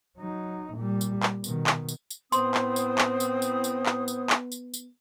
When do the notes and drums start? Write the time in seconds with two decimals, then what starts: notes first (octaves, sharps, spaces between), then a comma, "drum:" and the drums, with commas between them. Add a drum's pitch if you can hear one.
0.17 F#3 D#4
0.73 A#2 G3
1.01 drum: tambourine
1.23 drum: clap
1.44 B2 D#3, drum: tambourine
1.67 drum: clap
1.89 drum: tambourine
2.10 drum: tambourine
2.32 A2 B3 C4 C5 C6 D#6, drum: tambourine
2.54 drum: clap
2.76 drum: tambourine
2.98 drum: clap
3.20 drum: tambourine
3.42 drum: tambourine
3.64 drum: tambourine
3.86 drum: clap
4.08 drum: tambourine
4.30 drum: clap
4.52 drum: tambourine
4.74 drum: tambourine